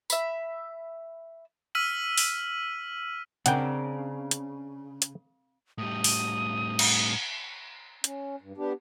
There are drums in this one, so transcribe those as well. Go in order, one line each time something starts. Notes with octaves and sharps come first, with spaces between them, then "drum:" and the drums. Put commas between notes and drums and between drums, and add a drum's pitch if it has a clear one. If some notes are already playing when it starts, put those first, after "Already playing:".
E5 B5, drum: tambourine
E6 F6 B6 D#7 F#7
drum: open hi-hat
C#3 C4 D4 A#4 F#5 G5, drum: hi-hat
drum: hi-hat
drum: hi-hat
A2 G3 D#6
drum: open hi-hat
drum: cymbal
C#4, drum: hi-hat
G2
B3 D4 G4